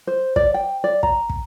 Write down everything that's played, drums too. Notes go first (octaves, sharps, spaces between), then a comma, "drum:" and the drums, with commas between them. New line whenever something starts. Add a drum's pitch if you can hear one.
C5
D5, drum: kick
G5
D5
A#5, drum: kick
drum: kick